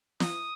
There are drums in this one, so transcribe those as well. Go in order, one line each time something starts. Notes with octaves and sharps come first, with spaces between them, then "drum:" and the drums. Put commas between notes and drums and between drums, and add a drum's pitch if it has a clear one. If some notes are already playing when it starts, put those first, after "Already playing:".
D#6, drum: snare